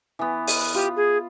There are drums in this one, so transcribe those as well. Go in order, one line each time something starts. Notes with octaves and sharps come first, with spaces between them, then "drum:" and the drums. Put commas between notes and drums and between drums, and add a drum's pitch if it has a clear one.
E3 B3
drum: open hi-hat
F4 G4
G#4